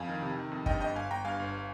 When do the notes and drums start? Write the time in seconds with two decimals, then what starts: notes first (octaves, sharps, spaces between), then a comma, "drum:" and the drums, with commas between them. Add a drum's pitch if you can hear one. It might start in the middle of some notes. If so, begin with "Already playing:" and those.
Already playing: F2 F5 G#5
0.09 D#3
0.22 C3
0.37 D#3
0.52 F2
0.66 G2 D#5 G5, drum: kick
0.80 G1 D#5 G5
0.95 G1 F5 G#5
1.10 G1 G5 A#5
1.25 G2 F5 G#5
1.40 G1